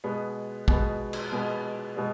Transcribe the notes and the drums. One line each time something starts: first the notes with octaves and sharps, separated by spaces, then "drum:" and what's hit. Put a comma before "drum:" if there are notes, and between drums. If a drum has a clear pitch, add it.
B2 G#3 B3
B2 G#3 B3, drum: kick
drum: cymbal
B2 G#3 B3
B2 G#3 B3